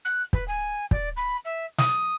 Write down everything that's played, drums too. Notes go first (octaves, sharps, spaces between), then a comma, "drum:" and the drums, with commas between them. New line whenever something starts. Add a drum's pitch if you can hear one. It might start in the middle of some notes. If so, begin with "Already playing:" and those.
F#6
B4, drum: kick
G#5
D5, drum: kick
B5
E5
D#6, drum: snare